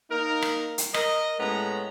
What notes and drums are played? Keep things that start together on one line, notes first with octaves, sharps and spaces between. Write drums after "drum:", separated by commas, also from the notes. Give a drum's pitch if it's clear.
A#3 D#4 A#4
drum: rim click
drum: hi-hat
A#4 D#5, drum: rim click
A2 G#3 B3 C#4 A#5